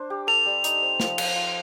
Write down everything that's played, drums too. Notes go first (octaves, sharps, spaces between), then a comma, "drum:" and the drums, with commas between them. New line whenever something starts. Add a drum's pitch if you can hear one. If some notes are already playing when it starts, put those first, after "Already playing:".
Already playing: D4 C5
G4
A4 F7
G3
D#4, drum: hi-hat
C4
F3, drum: snare
F3, drum: cymbal
F4